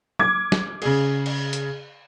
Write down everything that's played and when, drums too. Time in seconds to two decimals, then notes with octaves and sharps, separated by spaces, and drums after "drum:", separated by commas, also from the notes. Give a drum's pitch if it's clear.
0.19 D6 G#6, drum: tom F#3
0.52 drum: snare
0.82 C#3 G#4, drum: cymbal
1.26 drum: cymbal
1.53 drum: hi-hat